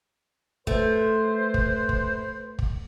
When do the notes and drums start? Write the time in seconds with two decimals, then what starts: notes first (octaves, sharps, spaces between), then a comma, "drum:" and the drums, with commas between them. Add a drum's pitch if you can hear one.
0.67 A3 B4 C5, drum: kick
1.54 drum: kick
1.89 drum: kick
2.59 drum: kick